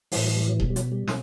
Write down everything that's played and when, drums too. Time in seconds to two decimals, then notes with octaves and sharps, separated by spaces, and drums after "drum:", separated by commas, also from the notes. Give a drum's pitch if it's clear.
0.12 A2 E3 G3, drum: open hi-hat
0.24 F#3
0.36 G3
0.48 F#3
0.60 B2 G3, drum: kick D#1
0.70 G3
0.76 F#3, drum: hi-hat
0.92 G3
1.07 B2, drum: snare